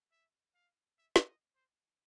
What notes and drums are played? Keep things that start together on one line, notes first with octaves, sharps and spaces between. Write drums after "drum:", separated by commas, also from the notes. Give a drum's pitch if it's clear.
E5
F5
E5
drum: snare
D#5
C5